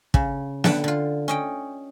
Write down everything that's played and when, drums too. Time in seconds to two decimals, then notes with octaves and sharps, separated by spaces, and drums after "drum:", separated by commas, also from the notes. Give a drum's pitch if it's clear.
0.14 C#3, drum: kick
0.64 D3 B4 F#5 G5 A5, drum: snare
0.84 D3 F4
1.28 C#4 D#5 G5